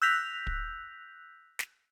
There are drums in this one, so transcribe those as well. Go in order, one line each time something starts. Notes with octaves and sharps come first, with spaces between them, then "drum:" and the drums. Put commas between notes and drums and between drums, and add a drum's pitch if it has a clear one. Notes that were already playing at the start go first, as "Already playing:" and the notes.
E6 F#6 G6 A#6 B6 F7
drum: kick
drum: snare